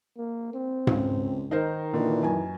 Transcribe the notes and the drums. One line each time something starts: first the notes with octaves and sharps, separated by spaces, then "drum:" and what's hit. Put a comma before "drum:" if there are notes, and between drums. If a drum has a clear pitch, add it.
A#3
C4
C#2, drum: tom G#2
D#3 D#4 A#4 C5
A#2 D3 E3
F#2 G#5